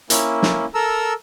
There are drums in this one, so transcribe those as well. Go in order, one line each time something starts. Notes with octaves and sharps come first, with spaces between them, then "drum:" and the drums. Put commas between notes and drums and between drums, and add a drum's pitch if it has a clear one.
A#3 C#4 E4, drum: hi-hat
drum: snare
A4 A#4 A#5 E6